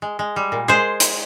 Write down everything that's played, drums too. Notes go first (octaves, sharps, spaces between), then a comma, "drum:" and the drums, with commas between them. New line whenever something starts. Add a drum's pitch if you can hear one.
G#3
G#3
G3
A#2
G#3 G#4 C5
drum: hi-hat